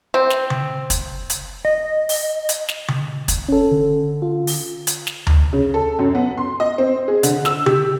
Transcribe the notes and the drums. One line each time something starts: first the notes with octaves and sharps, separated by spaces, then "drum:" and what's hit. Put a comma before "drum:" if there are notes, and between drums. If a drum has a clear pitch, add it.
C4
drum: snare
drum: tom C#3
drum: kick, hi-hat
drum: hi-hat
D#5
drum: open hi-hat
drum: hi-hat
drum: snare
drum: tom C#3
drum: kick, hi-hat
C#4 A4
D3
F4
drum: open hi-hat
drum: hi-hat
drum: snare
drum: tom D2
C#3
A4
F#2
B3
C6
D#5
C4
G#4
D3, drum: hi-hat
E6, drum: snare
G4, drum: tom C#3